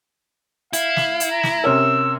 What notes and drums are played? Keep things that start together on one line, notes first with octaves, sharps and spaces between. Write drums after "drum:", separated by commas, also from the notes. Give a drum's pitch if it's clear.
E4 F5, drum: hi-hat
drum: snare
drum: hi-hat
A#5
drum: snare
C3 C#4 A#4 E6